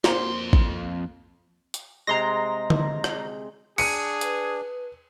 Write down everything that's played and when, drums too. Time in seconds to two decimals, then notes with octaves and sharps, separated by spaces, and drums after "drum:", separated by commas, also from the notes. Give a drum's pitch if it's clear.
0.04 F2 A#3 C5 A#5 C6, drum: snare
0.53 drum: kick
1.74 drum: hi-hat
2.07 C3 G#3 A#5 C6 A#6
2.70 drum: tom D3
3.04 drum: rim click
3.78 D4 G#4 C#7 D#7, drum: cymbal
4.21 B4, drum: hi-hat